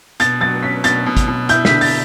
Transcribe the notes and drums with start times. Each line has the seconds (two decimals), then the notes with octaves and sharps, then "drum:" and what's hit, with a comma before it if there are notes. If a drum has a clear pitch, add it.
0.20 B2 A6, drum: hi-hat
0.41 F#3 A6
0.63 C#4 B6
0.84 B2 A6, drum: hi-hat
1.06 B2
1.17 drum: kick, hi-hat
1.28 B2
1.49 E4 G6, drum: hi-hat
1.65 B6, drum: snare
1.71 D3
1.81 A6, drum: open hi-hat